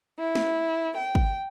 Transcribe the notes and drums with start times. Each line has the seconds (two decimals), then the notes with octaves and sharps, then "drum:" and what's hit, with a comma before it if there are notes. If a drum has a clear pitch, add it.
0.16 E4
0.35 drum: snare
0.95 G5
1.15 drum: kick